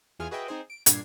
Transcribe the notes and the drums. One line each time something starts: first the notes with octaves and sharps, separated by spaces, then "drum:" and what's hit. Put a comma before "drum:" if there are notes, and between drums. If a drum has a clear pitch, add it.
E2 E3 F4 G#4 G#5 F6
F#4 G#4 B4 D#5 E5 G5
C4 D#4 G#4 C5
D7
G2 A#2 D4 G#6 C7, drum: hi-hat